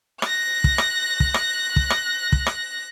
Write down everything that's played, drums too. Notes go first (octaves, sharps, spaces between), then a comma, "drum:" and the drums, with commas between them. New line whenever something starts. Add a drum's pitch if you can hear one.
F#6 A#6, drum: rim click
drum: kick
drum: rim click
drum: kick
drum: rim click
drum: kick
drum: rim click
drum: kick
drum: rim click